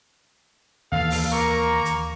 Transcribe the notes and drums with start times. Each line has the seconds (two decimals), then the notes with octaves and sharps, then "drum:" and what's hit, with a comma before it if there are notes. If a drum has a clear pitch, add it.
0.92 D#2 E3 A4 F5
1.10 drum: open hi-hat
1.32 A#3 A#4 A#5 C#6
1.85 drum: hi-hat